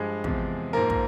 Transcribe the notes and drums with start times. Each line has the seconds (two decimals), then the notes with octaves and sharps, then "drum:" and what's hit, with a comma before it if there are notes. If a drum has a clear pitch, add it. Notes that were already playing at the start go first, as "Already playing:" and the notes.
Already playing: G2 F3 G#3 G#4
0.24 E2 C3 F3, drum: kick
0.73 G#2 F3 A#3 A#4
0.90 drum: kick